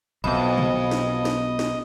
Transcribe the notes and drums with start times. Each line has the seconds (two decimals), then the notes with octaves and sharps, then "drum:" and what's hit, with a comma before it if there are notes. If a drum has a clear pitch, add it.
0.24 B1 F2 B2 B3 D#5 B5
0.58 drum: tom B2
0.91 drum: snare
1.25 drum: snare
1.59 drum: snare